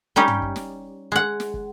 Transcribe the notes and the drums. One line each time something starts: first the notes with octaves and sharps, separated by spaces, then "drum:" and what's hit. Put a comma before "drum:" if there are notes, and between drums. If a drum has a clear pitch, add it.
G3 C#4 D#4 G4
drum: tom
drum: kick
drum: snare
G#3 F#5
drum: snare
drum: kick